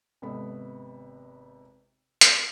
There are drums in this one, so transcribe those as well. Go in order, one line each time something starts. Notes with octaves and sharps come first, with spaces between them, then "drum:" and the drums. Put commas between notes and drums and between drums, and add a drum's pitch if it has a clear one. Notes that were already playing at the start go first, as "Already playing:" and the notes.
G#1 C3 B3 A4 D#5 B5
drum: hi-hat